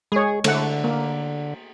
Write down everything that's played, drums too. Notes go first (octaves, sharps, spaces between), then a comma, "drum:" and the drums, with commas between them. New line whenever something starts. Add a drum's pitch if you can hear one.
G#3 G#4 C#5
D3 A3 F#5, drum: cymbal
A#3